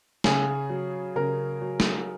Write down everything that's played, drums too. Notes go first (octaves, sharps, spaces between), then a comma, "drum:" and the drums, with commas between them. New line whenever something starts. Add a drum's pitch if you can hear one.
C#3 G#4, drum: snare
F#3
C#3 A#4
F#3
drum: snare